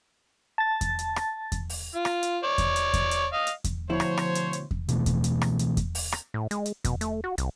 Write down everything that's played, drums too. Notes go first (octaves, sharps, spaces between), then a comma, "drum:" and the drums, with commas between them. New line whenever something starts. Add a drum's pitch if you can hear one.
A5 A6
drum: kick E2, hi-hat
drum: hi-hat
drum: rim click
drum: kick E2, hi-hat
drum: open hi-hat
F4
drum: rim click
drum: hi-hat
C#5 D5
drum: kick E2, hi-hat
drum: hi-hat
drum: kick E2, hi-hat
drum: hi-hat
D#5 F5
drum: hi-hat
drum: kick E2, hi-hat
D2 B2 F3 E4 C5 C#5
drum: rim click
drum: rim click
drum: hi-hat
drum: hi-hat
drum: kick E2
B2 E3 A3, drum: hi-hat
drum: kick E2, hi-hat
drum: hi-hat
drum: rim click
drum: hi-hat
drum: kick E2, hi-hat
drum: open hi-hat
drum: rim click
A2
G#3, drum: hi-hat
drum: hi-hat
B2, drum: kick E2, hi-hat
A3, drum: hi-hat
F#4
C2, drum: hi-hat